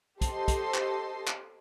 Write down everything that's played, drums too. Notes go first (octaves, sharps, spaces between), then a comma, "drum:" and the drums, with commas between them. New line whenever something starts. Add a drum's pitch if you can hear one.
G4 A4 C5 D#5 C6, drum: kick, hi-hat
drum: kick, hi-hat
drum: clap
drum: clap